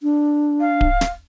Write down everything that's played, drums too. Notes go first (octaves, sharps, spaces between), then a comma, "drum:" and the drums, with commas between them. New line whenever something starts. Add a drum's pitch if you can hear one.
D4
F5
drum: kick D1
drum: snare